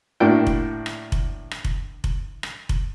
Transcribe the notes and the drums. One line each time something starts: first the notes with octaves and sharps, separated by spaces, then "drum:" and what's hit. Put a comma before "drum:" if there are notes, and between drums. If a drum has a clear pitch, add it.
A2 A#3 D4 E4 F#4 G5
drum: kick F1
drum: rim click
drum: kick F1
drum: rim click
drum: kick F1
drum: kick F1
drum: rim click
drum: kick F1